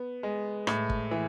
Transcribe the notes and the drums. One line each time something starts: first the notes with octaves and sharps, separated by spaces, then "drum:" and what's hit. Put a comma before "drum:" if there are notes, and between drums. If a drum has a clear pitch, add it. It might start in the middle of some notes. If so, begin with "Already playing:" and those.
Already playing: B3
G#3
A2, drum: rim click
drum: kick
E3